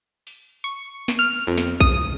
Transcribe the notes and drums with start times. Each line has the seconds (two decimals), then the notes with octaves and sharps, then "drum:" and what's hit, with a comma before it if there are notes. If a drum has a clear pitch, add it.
0.27 drum: open hi-hat
0.64 C#6
1.08 drum: snare
1.19 F6
1.47 F2
1.58 drum: snare
1.80 D#6, drum: kick